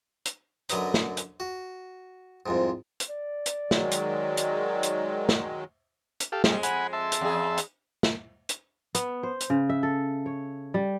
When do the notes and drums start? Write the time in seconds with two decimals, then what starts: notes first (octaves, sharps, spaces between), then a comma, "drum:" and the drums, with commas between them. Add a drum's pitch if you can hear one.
0.26 drum: hi-hat
0.69 F#2 D3 F#3 B4 D#5 A#5, drum: hi-hat
0.94 drum: snare
1.17 drum: hi-hat
1.40 F#4
2.46 C2 F2 G#2
3.00 drum: hi-hat
3.09 D5
3.46 drum: hi-hat
3.71 D#3 F#3 G#3, drum: snare
3.92 drum: hi-hat
4.37 drum: hi-hat
4.83 drum: hi-hat
5.29 drum: snare
6.20 drum: hi-hat
6.32 G4 A4 F5
6.44 F2 G3 G#3 G#4, drum: snare
6.63 F#5 G#5 B5, drum: hi-hat
6.93 E5 A5 C6
7.12 drum: hi-hat
7.21 E2 G#4
7.58 drum: hi-hat
8.03 drum: snare
8.49 drum: hi-hat
8.95 B3, drum: hi-hat
9.23 C5
9.41 drum: hi-hat
9.50 C#3
9.69 E5
9.83 A4
10.26 C#5
10.74 G3